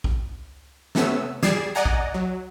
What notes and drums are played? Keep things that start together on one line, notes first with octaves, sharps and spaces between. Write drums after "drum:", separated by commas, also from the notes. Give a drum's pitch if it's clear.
drum: kick A#1
C3 A3 B3 C#4 E6, drum: snare
G3 G#4 D5 G#6 C7 E7, drum: snare
D5 D#5 F#5 G#5 A#5
drum: kick A#1
F#3